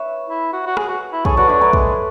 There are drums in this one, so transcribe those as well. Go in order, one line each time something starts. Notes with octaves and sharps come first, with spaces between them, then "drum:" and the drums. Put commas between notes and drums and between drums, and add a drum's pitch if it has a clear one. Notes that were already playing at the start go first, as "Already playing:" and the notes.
Already playing: B4 C#5 E5
E4
F#4
F#4
G#4, drum: rim click
F#4
E4
G#4 A4 C#5, drum: kick
F#4 B4 D5
D4 C#5 E5
F#3 B4 D5
G#3, drum: kick